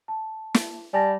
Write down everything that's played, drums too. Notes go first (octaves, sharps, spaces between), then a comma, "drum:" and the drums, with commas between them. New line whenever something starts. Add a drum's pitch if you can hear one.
A5
drum: snare
G3 G#5 A5 A#6